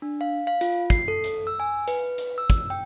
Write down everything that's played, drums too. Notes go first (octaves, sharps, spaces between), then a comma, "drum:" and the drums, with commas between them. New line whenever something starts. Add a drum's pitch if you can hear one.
D4
F5
F5
F4, drum: hi-hat
C7, drum: kick, hi-hat
A4
drum: hi-hat
E6
G#5
B4, drum: hi-hat
drum: hi-hat
E6
drum: kick, hi-hat
G5